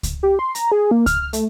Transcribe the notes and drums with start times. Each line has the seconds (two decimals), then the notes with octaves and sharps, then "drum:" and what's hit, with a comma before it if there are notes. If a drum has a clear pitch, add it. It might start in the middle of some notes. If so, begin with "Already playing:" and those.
0.03 drum: kick C#2, hi-hat
0.23 G4
0.39 C6
0.55 A#5, drum: hi-hat
0.72 G#4
0.91 A#3
1.06 F6, drum: kick C#2, hi-hat
1.33 A3, drum: hi-hat